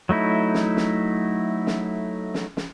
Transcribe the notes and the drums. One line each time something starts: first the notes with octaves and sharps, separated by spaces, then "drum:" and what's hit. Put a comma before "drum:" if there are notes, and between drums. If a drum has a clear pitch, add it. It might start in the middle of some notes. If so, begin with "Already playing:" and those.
F#3 A3 D#4 E4
drum: snare
drum: snare
drum: snare
drum: snare
drum: snare